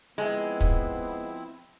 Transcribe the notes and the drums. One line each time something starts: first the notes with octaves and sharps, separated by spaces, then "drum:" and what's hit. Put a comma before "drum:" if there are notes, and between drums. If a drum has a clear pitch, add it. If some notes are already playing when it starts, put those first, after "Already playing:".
F3 G#3 B3 C4 E4
drum: kick